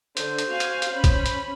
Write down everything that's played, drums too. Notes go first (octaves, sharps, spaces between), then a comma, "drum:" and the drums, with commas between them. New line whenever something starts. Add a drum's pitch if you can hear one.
D3 C5, drum: hi-hat
drum: hi-hat
F#4 F5 G#5
drum: hi-hat
drum: hi-hat
C#4 B5
drum: kick, hi-hat
drum: hi-hat